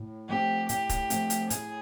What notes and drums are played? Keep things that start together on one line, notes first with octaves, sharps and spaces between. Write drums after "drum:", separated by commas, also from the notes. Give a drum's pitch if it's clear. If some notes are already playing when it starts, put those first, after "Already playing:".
Already playing: A2
F3 A3 C4 G4
A2 G4, drum: hi-hat
drum: kick E1, hi-hat
F3 A3 C4, drum: hi-hat
drum: hi-hat
A2 G#4, drum: hi-hat